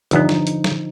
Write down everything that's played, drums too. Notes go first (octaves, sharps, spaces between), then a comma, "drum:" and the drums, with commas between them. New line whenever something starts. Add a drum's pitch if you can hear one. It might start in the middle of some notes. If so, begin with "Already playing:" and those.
G1 E2 D3 F3 B3 D#4, drum: hi-hat
drum: snare
drum: hi-hat
drum: snare